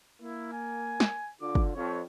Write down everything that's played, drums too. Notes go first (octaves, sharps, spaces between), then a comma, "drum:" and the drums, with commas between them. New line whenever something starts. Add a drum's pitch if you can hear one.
A#3 E4
G#5
drum: snare
D3 F4 D6
drum: kick
F2 C#5